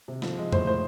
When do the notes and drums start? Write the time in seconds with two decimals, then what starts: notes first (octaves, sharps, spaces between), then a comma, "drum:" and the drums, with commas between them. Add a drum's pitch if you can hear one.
0.08 C3
0.22 F3, drum: snare
0.37 G#3
0.52 A2 C5, drum: tom F2
0.67 A2 C5